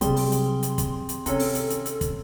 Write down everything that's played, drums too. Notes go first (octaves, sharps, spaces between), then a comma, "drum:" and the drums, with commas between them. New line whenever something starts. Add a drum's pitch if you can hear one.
C3 F#3 G3 C4 G#4 C6, drum: hi-hat
drum: open hi-hat
drum: hi-hat
drum: hi-hat
drum: kick, hi-hat
drum: hi-hat
C3 D#3 C#4 A4, drum: hi-hat
drum: open hi-hat
drum: hi-hat
drum: hi-hat
drum: hi-hat
drum: kick, hi-hat